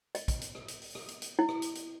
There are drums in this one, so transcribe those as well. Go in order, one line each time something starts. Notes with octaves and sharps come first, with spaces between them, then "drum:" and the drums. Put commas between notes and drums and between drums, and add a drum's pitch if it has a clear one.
D#5, drum: hi-hat
drum: kick, hi-hat
drum: hi-hat
drum: rim click
drum: hi-hat
drum: open hi-hat
drum: rim click
drum: hi-hat
drum: hi-hat
E4
drum: rim click
drum: hi-hat
drum: hi-hat